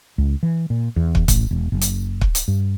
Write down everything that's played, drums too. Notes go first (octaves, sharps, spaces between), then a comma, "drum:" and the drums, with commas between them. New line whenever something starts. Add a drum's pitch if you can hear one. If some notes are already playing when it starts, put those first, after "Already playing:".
C#2
E3
A#2
E2
drum: kick
A1, drum: kick, hi-hat
E1
F#1
drum: hi-hat
drum: kick
drum: hi-hat
G2